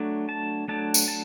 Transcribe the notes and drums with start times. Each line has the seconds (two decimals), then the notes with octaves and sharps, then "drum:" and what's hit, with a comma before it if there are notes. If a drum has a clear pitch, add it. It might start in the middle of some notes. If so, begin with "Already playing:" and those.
Already playing: F#3 A3 D4
0.29 A5
0.68 F#3 A3 D4 A5
0.94 drum: tambourine
1.08 A5